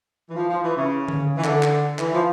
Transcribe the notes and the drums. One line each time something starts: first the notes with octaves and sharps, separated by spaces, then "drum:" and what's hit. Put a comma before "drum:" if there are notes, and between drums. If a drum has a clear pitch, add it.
E3
F3
F3
E3
C#3
drum: tom D3
E3
D3, drum: clap
drum: clap
E3, drum: clap
F3